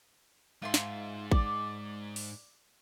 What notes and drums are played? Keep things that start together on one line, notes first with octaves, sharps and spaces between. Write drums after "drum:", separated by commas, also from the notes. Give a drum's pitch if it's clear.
G#2 F4 E5 C6
drum: snare
D5, drum: kick A1
drum: open hi-hat